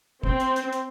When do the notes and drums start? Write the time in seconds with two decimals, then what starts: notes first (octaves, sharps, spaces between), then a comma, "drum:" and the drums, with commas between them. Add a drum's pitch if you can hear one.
0.23 C4, drum: kick
0.40 drum: hi-hat
0.56 drum: hi-hat
0.73 drum: hi-hat